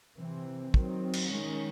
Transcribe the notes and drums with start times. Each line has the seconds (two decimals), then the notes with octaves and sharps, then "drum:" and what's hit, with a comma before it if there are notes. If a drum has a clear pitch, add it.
0.17 C3 E3 C4
0.74 D#3 F#3 C4, drum: kick
1.13 drum: cymbal
1.31 D#3 G#3 C#4